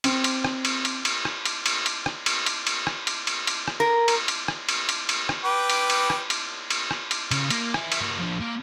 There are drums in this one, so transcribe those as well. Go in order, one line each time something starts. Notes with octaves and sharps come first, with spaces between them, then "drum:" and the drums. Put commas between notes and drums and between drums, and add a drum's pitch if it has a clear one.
C4, drum: cymbal
drum: cymbal
drum: rim click
drum: cymbal
drum: cymbal
drum: cymbal
drum: rim click
drum: cymbal
drum: cymbal
drum: cymbal
drum: rim click
drum: cymbal
drum: cymbal
drum: cymbal
drum: rim click
drum: cymbal
drum: cymbal
drum: cymbal
drum: rim click
A#4
drum: cymbal
drum: cymbal
drum: rim click
drum: cymbal
drum: cymbal
drum: cymbal
drum: rim click
B4 G5 D6
drum: cymbal
drum: cymbal
drum: rim click
drum: cymbal
drum: cymbal
drum: rim click
drum: cymbal
C#3, drum: cymbal
A#3, drum: cymbal
E5 G#5, drum: rim click
drum: cymbal
A#3 F#4
F3 D4
A#3